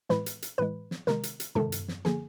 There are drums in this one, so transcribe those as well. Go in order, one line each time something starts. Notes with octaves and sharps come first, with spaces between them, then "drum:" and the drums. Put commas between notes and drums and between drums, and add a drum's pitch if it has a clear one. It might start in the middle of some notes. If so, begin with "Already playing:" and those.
A2 E3 G#3 B4 B5, drum: snare
drum: hi-hat
drum: hi-hat
A2 E3 G#3 B4 B5
drum: snare
C3 D#3 G#3 A#4 A#5, drum: snare
drum: hi-hat
drum: hi-hat
C3 D#3 G#3 A4 A5, drum: tom
drum: hi-hat
drum: snare
D3 F3 A#3 G#4 G#5, drum: snare